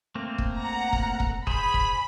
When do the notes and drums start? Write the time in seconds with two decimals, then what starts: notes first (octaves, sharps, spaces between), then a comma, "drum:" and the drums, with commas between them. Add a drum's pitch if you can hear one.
0.15 A3 A#3 C4
0.38 drum: kick
0.57 F#5 A#5
0.93 drum: kick
1.20 drum: kick
1.47 G#4 C5 B5, drum: kick
1.74 drum: kick